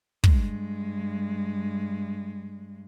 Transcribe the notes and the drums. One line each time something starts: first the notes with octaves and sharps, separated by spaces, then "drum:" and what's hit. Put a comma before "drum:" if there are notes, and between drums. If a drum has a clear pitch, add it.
G2 G#3, drum: kick